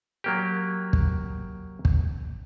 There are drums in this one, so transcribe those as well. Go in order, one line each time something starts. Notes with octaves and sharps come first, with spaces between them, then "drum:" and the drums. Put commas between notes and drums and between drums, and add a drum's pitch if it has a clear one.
F#3 A#3 G4
drum: kick
drum: kick